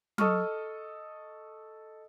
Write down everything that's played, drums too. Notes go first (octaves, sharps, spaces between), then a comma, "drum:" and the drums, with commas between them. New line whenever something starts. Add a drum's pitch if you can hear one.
A4 D#5 C#6 D#6 F6, drum: tom F#3